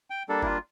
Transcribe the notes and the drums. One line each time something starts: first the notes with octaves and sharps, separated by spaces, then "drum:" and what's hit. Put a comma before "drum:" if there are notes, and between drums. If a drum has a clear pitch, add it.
G5
G3 A#3 D4 A4
E4, drum: kick F#1
F4